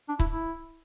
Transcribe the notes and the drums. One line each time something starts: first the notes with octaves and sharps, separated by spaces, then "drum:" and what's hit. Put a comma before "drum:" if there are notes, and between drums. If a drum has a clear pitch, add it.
D4
E4, drum: kick C#1
E4